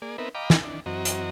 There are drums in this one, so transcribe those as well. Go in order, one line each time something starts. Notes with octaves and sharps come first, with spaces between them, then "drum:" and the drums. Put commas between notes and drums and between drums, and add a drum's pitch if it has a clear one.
A#3 G#4 D5
B3 C4 D#4 A#4 B4 E5
D#5 F5 G5 A#5 B5 D6
drum: snare
D#3 E3 D4
F#2 E3 C4 F#4 D#5 A#5
drum: hi-hat